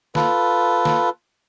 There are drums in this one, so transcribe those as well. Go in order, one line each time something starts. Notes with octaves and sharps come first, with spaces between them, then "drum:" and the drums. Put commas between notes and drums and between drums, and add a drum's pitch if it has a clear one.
F4 A4 B4, drum: snare
drum: snare